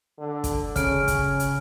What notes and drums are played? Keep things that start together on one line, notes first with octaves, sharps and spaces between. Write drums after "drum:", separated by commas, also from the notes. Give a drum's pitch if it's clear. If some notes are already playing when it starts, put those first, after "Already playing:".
D3
drum: kick, hi-hat
C#3 C#4 F6 D7, drum: kick, hi-hat
drum: kick, hi-hat
drum: hi-hat